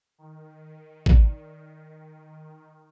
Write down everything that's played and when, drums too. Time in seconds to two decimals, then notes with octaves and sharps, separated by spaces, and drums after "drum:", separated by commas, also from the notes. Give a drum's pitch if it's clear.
0.18 D#3
1.06 D5 A#5, drum: kick G#1